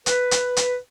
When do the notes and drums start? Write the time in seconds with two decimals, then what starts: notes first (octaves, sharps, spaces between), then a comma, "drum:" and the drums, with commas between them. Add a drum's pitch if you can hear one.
0.06 B4, drum: hi-hat
0.31 drum: hi-hat
0.57 drum: hi-hat